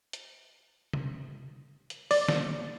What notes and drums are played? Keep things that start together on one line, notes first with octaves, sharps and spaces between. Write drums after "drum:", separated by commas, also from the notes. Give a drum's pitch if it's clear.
drum: hi-hat
drum: tom C3
drum: hi-hat
D5, drum: open hi-hat
drum: snare